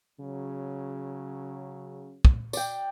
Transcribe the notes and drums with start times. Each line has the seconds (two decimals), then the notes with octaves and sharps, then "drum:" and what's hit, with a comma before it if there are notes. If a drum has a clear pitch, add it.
0.19 C#3 F#3
2.25 drum: kick
2.53 D5 G5, drum: tambourine